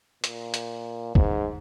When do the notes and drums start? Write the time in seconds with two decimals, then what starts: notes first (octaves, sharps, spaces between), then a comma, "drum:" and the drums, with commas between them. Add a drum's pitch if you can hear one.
0.24 A#2, drum: hi-hat
0.54 drum: hi-hat
1.15 G#2, drum: kick F#1